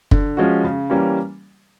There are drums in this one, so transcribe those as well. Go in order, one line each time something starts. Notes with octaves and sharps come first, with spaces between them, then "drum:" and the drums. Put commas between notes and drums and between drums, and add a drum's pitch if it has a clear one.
D3, drum: kick
F3 G#3 C#4 F#4
C#3
E3 G3 A#3 C#4